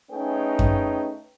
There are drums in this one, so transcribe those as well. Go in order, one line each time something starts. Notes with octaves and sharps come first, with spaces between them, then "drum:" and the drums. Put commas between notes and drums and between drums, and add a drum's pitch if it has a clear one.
A3 C#4 D#4 G#4 B4 G5
drum: kick F#2